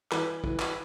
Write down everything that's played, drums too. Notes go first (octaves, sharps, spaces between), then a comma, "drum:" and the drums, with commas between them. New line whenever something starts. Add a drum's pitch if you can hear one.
E3 B4, drum: clap
E3, drum: kick
drum: clap